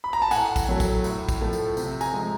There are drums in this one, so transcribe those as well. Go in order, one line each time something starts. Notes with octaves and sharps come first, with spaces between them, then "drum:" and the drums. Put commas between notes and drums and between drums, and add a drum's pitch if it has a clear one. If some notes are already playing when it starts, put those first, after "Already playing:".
B5
A#5
A5
A2 F#5 G#5, drum: tambourine
drum: kick, tambourine
F#3 A3
drum: kick, tambourine
A2, drum: tambourine
drum: kick, tambourine
F3 A3
drum: tambourine
C3, drum: tambourine
G#5 A#5, drum: tambourine
F3 G#3